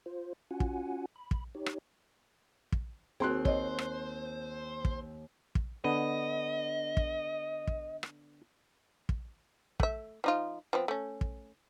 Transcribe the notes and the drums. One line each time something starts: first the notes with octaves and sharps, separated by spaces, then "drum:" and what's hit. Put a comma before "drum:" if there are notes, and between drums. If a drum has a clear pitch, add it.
F4 C5
C#4 F4 F#4 F#5 G#5
drum: kick
B5
drum: kick
D#4 G4 C#5
drum: rim click
drum: kick
D#2 C4 F#4 G#4 G5 C6 F#6
C5 C#5 D#5, drum: kick
drum: rim click
drum: kick
drum: kick
D3 B3 D#5
drum: kick
drum: kick
drum: rim click
drum: kick
A3 E5, drum: kick
F3 D#4 F4
F3 B3 C4
A3 C#4
drum: kick